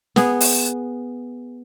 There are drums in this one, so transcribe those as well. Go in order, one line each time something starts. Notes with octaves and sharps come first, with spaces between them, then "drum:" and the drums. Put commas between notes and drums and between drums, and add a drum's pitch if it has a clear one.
B3 G#4, drum: snare
drum: open hi-hat